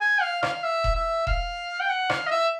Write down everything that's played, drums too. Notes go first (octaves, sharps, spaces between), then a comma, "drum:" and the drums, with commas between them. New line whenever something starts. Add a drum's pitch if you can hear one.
G#5
F5
F5, drum: rim click
E5
drum: kick E1
E5
F5, drum: kick E1
G5
F#5
F5, drum: rim click
D#5
E5